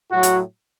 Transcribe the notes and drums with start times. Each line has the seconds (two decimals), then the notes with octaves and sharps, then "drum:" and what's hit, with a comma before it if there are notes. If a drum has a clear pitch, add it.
0.12 A2 F#3 F#4
0.23 drum: hi-hat